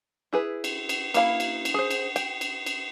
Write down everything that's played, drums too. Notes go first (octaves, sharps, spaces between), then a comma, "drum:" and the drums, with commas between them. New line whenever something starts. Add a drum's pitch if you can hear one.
E4 G#4 B4
drum: cymbal
drum: cymbal
A#3 E4 F5 B5, drum: cymbal
drum: cymbal
drum: cymbal
G#4 C5
drum: cymbal
G5, drum: cymbal
drum: cymbal
drum: cymbal